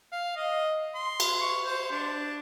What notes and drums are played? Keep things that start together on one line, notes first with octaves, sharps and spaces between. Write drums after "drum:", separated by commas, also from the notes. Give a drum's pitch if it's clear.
F5
D#5
C6
drum: cymbal
C#6
C5
D4